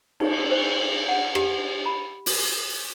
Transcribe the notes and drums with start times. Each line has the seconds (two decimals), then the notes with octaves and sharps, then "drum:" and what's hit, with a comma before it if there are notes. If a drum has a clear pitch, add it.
0.20 D#4, drum: cymbal
0.51 C5
1.08 F#5
1.35 G4, drum: rim click
1.86 B5
2.26 drum: open hi-hat